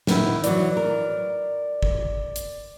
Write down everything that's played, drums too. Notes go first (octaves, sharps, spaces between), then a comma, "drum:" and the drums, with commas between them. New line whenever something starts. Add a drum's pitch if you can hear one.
D#3 B3 E4, drum: snare
E3 F#3 D5, drum: hi-hat
A#4
drum: kick
drum: hi-hat